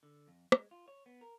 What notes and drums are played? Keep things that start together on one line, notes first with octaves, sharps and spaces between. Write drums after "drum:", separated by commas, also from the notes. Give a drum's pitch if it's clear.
D3
F2
G#3, drum: rim click
F4
C#5
B3
A#4